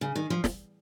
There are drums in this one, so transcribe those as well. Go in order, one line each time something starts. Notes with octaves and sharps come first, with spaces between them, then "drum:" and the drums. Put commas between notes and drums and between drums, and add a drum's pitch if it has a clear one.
C#3
D#3
F3
drum: snare